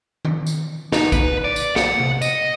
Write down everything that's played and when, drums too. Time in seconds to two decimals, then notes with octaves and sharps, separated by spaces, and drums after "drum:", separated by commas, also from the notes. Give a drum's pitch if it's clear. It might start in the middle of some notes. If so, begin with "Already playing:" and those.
0.25 drum: tom D#3
0.47 drum: tambourine
0.92 D#4, drum: snare
1.12 B4, drum: kick A#1, tambourine
1.44 D5
1.56 drum: tambourine
1.76 F#5, drum: snare
2.00 drum: tom C3
2.22 D#5, drum: tambourine